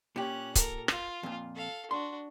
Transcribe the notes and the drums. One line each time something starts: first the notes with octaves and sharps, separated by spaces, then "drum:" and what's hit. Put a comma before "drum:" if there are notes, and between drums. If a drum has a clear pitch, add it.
A#2 C#4 G4 F#6
A4 A#4, drum: kick C#1, hi-hat
F4, drum: rim click
F2 A#2
A4 F5
D4 F#4 C6